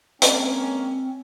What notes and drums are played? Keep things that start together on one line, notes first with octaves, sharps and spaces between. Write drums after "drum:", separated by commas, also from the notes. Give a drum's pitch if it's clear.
G#3 A#3 C4 C#4, drum: hi-hat